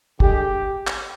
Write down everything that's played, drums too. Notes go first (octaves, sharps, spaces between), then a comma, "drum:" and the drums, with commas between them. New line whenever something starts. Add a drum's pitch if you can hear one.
D3 G#3 G4, drum: kick
drum: clap